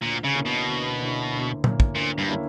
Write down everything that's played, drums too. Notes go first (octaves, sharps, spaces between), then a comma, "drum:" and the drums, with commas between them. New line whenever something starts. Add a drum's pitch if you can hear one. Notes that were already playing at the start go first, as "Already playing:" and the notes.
D2 A#2
C#3
D3 A#3 C#4 E4
B2
D2
D3 A#3 C#4 E4
D2
D3 A#3 C#4 E4, drum: tom A#2
drum: kick
D2 A#2
G2
D3 A#3 C#4 E4